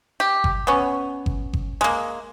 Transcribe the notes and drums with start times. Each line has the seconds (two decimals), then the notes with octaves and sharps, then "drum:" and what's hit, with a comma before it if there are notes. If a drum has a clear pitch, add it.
0.20 G4
0.44 drum: kick G1
0.67 B3 C#4
1.26 drum: kick G1
1.53 drum: kick G1
1.81 G#3 A#3